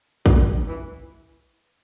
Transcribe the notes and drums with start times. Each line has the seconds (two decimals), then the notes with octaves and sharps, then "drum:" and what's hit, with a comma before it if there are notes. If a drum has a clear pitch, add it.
0.26 E3, drum: kick
0.68 E3